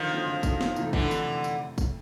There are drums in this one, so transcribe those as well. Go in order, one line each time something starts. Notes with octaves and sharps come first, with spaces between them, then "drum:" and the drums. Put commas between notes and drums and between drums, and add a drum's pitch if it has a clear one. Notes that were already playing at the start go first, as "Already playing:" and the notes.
Already playing: D3 D#3 F3
F#3 A3 C4 D#4
D3
F#3 A3 C4 D#4, drum: kick, tambourine
F2, drum: snare
C3 E3 A3, drum: tambourine
F2 D3 E3, drum: kick
C3, drum: tambourine
drum: tambourine
drum: kick, tambourine